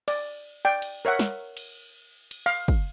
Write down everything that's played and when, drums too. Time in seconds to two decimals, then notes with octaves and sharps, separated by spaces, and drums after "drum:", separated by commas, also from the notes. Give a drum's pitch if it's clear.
0.08 D5, drum: cymbal
0.65 D5 G5
0.82 drum: cymbal
1.05 A#4 C#5 E5 F#5
1.19 drum: snare
1.57 drum: cymbal
2.31 drum: cymbal
2.46 F5
2.68 drum: kick